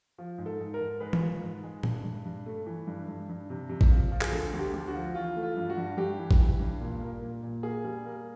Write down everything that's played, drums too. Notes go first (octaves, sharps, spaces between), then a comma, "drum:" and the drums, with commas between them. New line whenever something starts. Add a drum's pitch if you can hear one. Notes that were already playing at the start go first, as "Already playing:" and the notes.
F3
G#2
A4
G#2
A#4
G#2
G#3 B4
drum: tom E3
F3
G#2
G#3
G2, drum: tom A#2
G2
G2
A3
E3
G2
G2
G2
C3
C3
drum: kick A1
F3
F3
G#4, drum: clap
D2 A4
D2
G4
D2
F#4
F3
E3 F4
A3
F4
G2
F#4
G2
G2 G4
E3
drum: kick A1
E3
G2
A#2
A#3
A#2
A#2
A#3 G#4
G3
A#3